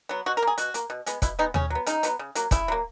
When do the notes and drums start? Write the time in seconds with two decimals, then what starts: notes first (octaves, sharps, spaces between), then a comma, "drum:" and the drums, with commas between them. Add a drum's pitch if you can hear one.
0.09 F#3 B3
0.26 B2 F#4
0.37 A#4
0.42 A#3 G#4
0.58 B2 F#4, drum: hi-hat
0.74 A#3, drum: hi-hat
0.90 B2
1.06 G#3 B3, drum: hi-hat
1.22 B2 E4, drum: kick, hi-hat
1.39 G#3 B3 D#4
1.54 C#3 C#4, drum: tom D#2
1.70 F#3 B3
1.86 C#3 D#4, drum: hi-hat
2.03 F#3 B3, drum: hi-hat
2.19 C#3
2.35 F#3 A#3, drum: hi-hat
2.51 C#3 E4, drum: kick, hi-hat
2.68 F#3 A#3